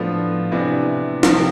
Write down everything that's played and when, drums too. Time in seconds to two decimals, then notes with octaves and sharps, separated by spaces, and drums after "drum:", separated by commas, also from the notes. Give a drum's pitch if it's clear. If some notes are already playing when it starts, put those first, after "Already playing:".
Already playing: A2 F3 B3 D4 F4 A4
0.52 C3 E3 B3 D4 E4
1.23 C3 F3 C4 A4, drum: snare
1.32 G4